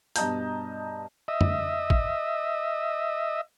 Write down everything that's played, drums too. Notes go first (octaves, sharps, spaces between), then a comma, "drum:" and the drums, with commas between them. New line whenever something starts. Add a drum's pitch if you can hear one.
G2 B2 D#5 A5 A#5 G6, drum: hi-hat
D#5 E5
drum: tom
drum: kick